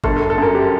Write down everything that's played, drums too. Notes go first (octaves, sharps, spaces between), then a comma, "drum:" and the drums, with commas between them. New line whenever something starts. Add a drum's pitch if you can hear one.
G1 A4, drum: kick G1
A4
G1
A4
F#2 A#4
G4